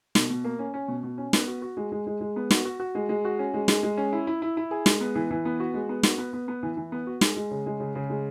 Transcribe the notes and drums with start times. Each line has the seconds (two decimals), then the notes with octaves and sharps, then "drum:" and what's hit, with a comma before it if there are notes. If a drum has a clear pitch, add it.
0.15 B2, drum: snare
0.30 B2
0.44 A#3
0.59 C#4
0.74 C#4
0.88 B2
1.03 B2
1.18 C#4
1.33 B3, drum: snare
1.48 F#4
1.62 F#4
1.77 G#3
1.92 G#3
2.07 G#3
2.21 G#3
2.36 B3
2.51 F#4, drum: snare
2.65 F#4
2.80 F#4
2.95 G#3
3.09 G#3
3.25 F#4
3.39 C#4
3.54 G#3
3.68 G#3, drum: snare
3.83 G#3
3.97 C#4
4.13 E4
4.27 E4
4.42 E4
4.57 E4
4.71 G#4
4.86 G#3, drum: snare
5.01 B3
5.15 E3
5.31 E3
5.45 B3
5.60 F#4
5.74 G#3
5.89 B3
6.03 F#4, drum: snare
6.18 B3
6.33 B3
6.48 B3
6.63 E3
6.77 E3
6.92 B3
7.07 F#4
7.21 G#3, drum: snare
7.36 G#3
7.51 C#3
7.66 G#3
7.80 C#3
7.95 C#3
8.10 G#3